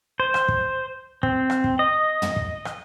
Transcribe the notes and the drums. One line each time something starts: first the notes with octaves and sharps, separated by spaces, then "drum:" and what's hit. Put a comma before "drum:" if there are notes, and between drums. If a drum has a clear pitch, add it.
C5
drum: rim click
drum: kick
C4, drum: kick
drum: rim click
drum: kick
D#5
drum: tom
drum: kick
drum: rim click